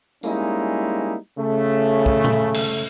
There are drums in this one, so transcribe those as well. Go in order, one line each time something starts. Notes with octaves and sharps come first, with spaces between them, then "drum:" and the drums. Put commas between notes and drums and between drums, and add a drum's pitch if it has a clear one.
G3 G#3 A#3 C#4 D#4 E4, drum: tambourine
C#3 A3
drum: kick
drum: tom A#2
drum: cymbal